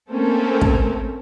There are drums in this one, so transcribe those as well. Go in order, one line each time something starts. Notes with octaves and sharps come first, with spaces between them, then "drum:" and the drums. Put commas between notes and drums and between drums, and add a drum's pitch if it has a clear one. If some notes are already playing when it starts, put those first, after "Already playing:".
A3 A#3 C4 C#4 A4 A#4
drum: kick